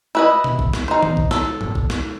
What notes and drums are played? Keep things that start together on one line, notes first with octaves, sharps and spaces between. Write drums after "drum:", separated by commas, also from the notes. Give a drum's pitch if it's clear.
E4 B4 D#5
drum: tom
drum: kick A#1
drum: snare
D#4 C5
drum: tom D#3
drum: kick A#1
A4, drum: snare
drum: tom G2
drum: kick A#1
drum: snare